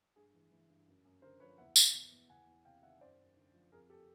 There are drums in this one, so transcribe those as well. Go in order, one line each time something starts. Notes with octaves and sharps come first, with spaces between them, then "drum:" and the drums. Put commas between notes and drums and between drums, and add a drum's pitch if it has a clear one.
G2 G#4
E3
E3
G2
F#2
F#2
D3 A#4 C5
F3 B4 C#5
E2 E5 F#5
B2, drum: tambourine
B2
E2
E2 F#5 G#5
E2
C3 F5 G5
D#3 E5 F#5
F#2 C5 D5
F#2
D3
F3
F2 G#4 A#4
G4 A4